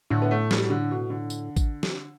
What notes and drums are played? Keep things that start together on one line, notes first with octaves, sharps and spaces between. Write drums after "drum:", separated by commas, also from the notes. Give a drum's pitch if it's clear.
A2 D3
B3
A3
G3, drum: snare
B2
D3
B2
D3
drum: tambourine
drum: kick, tambourine
drum: snare